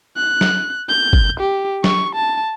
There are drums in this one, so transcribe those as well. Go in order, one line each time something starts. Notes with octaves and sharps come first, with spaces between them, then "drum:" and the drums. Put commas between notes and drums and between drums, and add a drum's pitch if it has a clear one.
F#6
drum: snare F#3
G6
drum: kick G1
G4
C#6, drum: snare F#3
A5